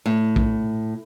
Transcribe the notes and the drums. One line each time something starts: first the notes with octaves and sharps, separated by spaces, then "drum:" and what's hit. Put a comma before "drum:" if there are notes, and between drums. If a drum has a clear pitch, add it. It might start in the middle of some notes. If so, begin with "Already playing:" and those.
A2
drum: kick A#1